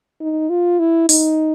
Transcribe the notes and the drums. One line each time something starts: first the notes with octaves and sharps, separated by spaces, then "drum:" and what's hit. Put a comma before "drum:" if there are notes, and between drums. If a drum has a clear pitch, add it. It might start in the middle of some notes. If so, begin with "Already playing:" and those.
D#4
F4
E4
D#4, drum: open hi-hat